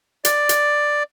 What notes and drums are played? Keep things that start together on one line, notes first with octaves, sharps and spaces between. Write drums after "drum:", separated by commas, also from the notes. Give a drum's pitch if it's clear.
D5, drum: hi-hat
drum: hi-hat